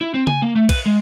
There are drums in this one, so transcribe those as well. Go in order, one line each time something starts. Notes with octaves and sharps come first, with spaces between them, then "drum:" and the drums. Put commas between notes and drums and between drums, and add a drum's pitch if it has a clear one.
E4
C4
G#5, drum: tom C#3
A#3
A3
B4, drum: kick, cymbal
G#3